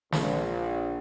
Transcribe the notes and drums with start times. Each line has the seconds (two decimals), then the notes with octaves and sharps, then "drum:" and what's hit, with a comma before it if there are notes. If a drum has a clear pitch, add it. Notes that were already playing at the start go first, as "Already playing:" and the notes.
0.12 A#1, drum: snare